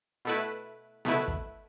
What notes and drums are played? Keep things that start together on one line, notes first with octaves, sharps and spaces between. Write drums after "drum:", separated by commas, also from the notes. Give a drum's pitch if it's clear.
B2 A3 E4 B4
B2 A3 E4 B4, drum: snare B3
drum: kick